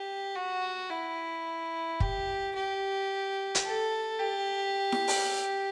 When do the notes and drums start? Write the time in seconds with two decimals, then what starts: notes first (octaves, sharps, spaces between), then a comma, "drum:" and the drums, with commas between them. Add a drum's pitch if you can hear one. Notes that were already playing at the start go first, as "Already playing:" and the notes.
Already playing: G4
0.36 F#4
0.90 E4
2.00 G4, drum: kick
2.55 G4
3.55 drum: hi-hat
3.64 A4
4.19 G4
4.92 drum: snare E4
5.08 drum: open hi-hat